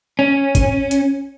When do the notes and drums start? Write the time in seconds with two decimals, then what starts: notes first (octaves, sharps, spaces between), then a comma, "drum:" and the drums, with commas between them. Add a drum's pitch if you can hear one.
0.19 C#4
0.55 drum: kick, hi-hat
0.91 drum: hi-hat